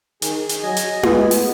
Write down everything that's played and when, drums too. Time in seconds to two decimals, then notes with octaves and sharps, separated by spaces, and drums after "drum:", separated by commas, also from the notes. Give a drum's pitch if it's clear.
0.22 D#3 G#4, drum: hi-hat
0.49 drum: hi-hat
0.63 F#3 D#5 G#5
0.77 drum: hi-hat
1.03 G#3 B3, drum: tom E4
1.31 drum: open hi-hat